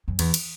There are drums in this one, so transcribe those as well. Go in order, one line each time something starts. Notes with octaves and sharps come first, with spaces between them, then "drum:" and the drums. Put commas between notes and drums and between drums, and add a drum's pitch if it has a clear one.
F#2
E2, drum: cymbal
drum: cymbal